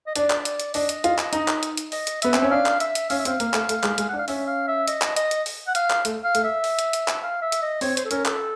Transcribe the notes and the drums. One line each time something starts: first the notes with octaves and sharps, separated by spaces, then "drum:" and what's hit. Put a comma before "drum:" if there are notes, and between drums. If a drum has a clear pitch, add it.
D#5
D4 D5, drum: hi-hat
drum: clap
D5, drum: hi-hat
drum: hi-hat
D4 D#5, drum: open hi-hat
drum: hi-hat
F4, drum: hi-hat
drum: clap
D#4, drum: hi-hat
drum: clap
drum: hi-hat
drum: hi-hat
D#5, drum: open hi-hat
drum: hi-hat
B3 E5, drum: hi-hat
C4, drum: clap
C#4
D4 F5
drum: clap
E5, drum: hi-hat
drum: hi-hat
C#4 F5, drum: open hi-hat
E5
C4 F5, drum: hi-hat
A#3, drum: hi-hat
A3, drum: clap
A3, drum: hi-hat
G#3, drum: clap
G#3, drum: hi-hat
D4 F#5
F5
C#4 E5, drum: open hi-hat
F5
E5
D#5, drum: hi-hat
drum: clap
D#5, drum: hi-hat
drum: hi-hat
drum: open hi-hat
F#5
F5, drum: hi-hat
drum: clap
A3, drum: hi-hat
F5
A3, drum: hi-hat
E5
drum: open hi-hat
drum: hi-hat
drum: hi-hat
drum: clap
F5
E5
drum: hi-hat
D#5
C4 C#5, drum: open hi-hat
C5, drum: hi-hat
A4
C#4 A#4, drum: hi-hat
A4, drum: clap